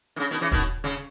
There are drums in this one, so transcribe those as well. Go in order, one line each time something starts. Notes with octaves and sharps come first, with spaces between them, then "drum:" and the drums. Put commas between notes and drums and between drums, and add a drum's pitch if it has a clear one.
D#3
C#3
B2 D#3
C#3 E3
B2 D#3, drum: kick
C#3, drum: snare